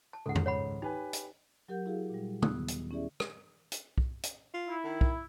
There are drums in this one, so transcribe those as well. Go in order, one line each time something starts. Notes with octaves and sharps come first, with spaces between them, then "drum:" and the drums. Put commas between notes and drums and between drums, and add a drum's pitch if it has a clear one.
A5
C#2 G#2 A4 F#5
drum: tom F2
C#5 F#5 B5
D#4 G4 B4 G#5
drum: hi-hat
F#3 G4 A#4 F#5 G6
E4 F#4 G#4 F5
A#2 G3
D#2 D#3 B3 D#6 E6 F#6, drum: tom
drum: hi-hat
C#4 E4 G4 G#4 D5 E5
drum: rim click
drum: hi-hat
drum: kick B1
drum: hi-hat
F4
E4
D#3
drum: kick B1